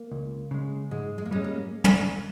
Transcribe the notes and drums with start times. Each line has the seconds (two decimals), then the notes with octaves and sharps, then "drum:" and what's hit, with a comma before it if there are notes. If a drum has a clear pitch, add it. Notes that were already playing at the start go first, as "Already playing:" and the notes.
Already playing: A#3
0.12 C#2
0.51 C#3 G#3
0.91 G#2 G#3
1.18 G#3
1.26 A#3
1.31 G3 G#3 C#4
1.44 A#3
1.84 drum: tom